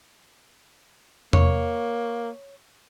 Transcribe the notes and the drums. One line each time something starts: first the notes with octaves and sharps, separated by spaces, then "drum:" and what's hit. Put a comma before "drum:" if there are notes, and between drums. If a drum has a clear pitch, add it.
A#3 C#5, drum: tom E2